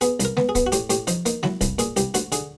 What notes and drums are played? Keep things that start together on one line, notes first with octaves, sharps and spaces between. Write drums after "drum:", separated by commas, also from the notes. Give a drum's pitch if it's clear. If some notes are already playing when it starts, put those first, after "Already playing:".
B3 G#4, drum: hi-hat
C2, drum: hi-hat
A#4
B3, drum: snare G#3
G#4
B3, drum: kick, hi-hat
F#4
A2 G4, drum: hi-hat
A2 G4, drum: hi-hat
F3 D#4, drum: hi-hat
A#3 D#4, drum: hi-hat
F#3 E4, drum: snare G#3
C2, drum: kick, hi-hat
A#2 G#4, drum: hi-hat
C2 G4, drum: hi-hat
D2 F#4, drum: hi-hat
D3 G#4, drum: hi-hat